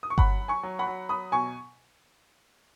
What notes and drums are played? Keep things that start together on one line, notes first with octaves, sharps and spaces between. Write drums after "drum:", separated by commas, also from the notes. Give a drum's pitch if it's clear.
D#6
C#6
F#3 F#5 B5, drum: kick G1
F#3
G#5 C#6
F#3
F#5 B5
F#3
F#3 B5 D#6
B2 G#5 C#6